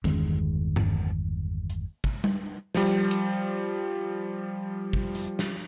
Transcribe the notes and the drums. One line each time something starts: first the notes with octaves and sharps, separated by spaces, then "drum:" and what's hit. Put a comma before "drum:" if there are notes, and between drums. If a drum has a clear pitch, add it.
G1 E2 D#3 G#3, drum: tom E3
drum: tom G2
drum: hi-hat
drum: kick
drum: tom G3
F3 G3, drum: snare
drum: cymbal
drum: kick
drum: hi-hat
drum: snare